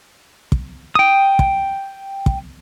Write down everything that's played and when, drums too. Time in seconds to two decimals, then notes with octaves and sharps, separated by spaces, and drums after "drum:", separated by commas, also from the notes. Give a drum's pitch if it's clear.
0.52 drum: kick
0.95 G5 D#6
1.39 drum: kick
2.26 drum: kick